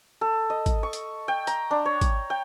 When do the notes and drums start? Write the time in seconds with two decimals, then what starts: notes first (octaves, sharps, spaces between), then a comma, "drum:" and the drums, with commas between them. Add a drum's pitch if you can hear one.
0.21 A4
0.50 D#5
0.66 drum: kick G#1, hi-hat
0.83 C#6
0.93 drum: hi-hat
1.28 G5
1.47 A#5, drum: hi-hat
1.71 D4
1.86 C#5
2.01 drum: kick G#1, hi-hat
2.30 G5